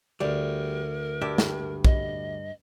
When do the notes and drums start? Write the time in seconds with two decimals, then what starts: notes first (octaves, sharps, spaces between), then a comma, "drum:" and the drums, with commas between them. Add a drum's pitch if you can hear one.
0.21 D2 G3 A#4
1.21 G2 G4 E5
1.38 drum: snare
1.85 D#5, drum: kick